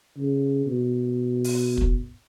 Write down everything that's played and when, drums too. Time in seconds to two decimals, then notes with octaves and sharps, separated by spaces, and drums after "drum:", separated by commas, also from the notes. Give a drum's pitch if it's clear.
0.17 C#3
0.66 B2
1.44 drum: open hi-hat
1.77 drum: kick